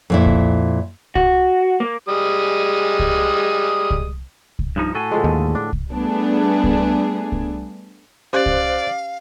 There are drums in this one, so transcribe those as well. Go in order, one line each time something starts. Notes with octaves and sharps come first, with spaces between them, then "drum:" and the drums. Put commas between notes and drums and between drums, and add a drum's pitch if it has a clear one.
F2 A#2 E4
drum: kick C2
F#4, drum: kick C2
A#3
G3 G#3 D#6
drum: kick C2
drum: kick C2
drum: kick C2
G2 F3 D#4
A2 F#4 A4 G#5
D3 F3 G#3
D#2
D4
drum: kick C2
G3 A3 B3 D4 G#4
drum: kick C2
drum: kick C2
C#4 G4 C5 D5 F5 F#6
drum: kick C2